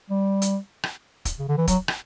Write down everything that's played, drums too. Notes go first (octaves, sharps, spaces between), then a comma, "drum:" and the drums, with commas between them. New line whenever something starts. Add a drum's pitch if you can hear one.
G3
drum: hi-hat
drum: rim click
drum: kick, hi-hat
C#3
D3
E3
F#3, drum: kick, hi-hat
drum: rim click